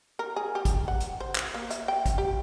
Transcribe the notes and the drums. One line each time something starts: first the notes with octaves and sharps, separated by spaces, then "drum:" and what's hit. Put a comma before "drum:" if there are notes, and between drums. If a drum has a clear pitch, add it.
A#4
G#4
G4
drum: kick A1, hi-hat
F#5
drum: hi-hat
C5
drum: clap
A#3
E5, drum: hi-hat
G5
drum: kick A1, hi-hat
G4